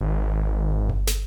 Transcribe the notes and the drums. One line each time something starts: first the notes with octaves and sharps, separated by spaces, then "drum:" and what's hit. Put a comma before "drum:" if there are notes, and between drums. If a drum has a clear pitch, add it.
G#1
drum: kick G1
drum: snare